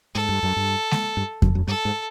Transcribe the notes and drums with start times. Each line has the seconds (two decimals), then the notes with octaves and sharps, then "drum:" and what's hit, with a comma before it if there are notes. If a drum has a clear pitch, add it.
0.14 G#2 A4
0.29 G2
0.43 F#2
0.56 G2
0.91 drum: snare G#3
1.17 G2
1.42 F#2, drum: kick F2
1.55 F#2
1.67 G2 A4
1.85 G#2